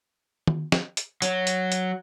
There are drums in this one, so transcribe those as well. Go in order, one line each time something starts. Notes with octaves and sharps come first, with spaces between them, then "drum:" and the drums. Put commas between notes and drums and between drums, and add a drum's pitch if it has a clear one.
drum: tom D#3
drum: snare
drum: hi-hat
F#3, drum: hi-hat
drum: hi-hat
drum: hi-hat